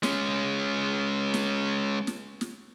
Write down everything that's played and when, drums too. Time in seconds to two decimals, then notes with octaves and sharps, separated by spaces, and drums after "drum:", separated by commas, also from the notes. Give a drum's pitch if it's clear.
0.03 G#3 C#4, drum: snare
1.34 drum: snare
2.07 drum: snare
2.41 drum: snare